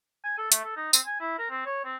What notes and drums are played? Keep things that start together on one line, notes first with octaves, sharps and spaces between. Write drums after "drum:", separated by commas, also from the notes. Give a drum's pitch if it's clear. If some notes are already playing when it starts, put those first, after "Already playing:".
G#5
A4
A3, drum: hi-hat
A4
D#4
C4, drum: tambourine
G#5
E4
A#4
C4
C#5
C4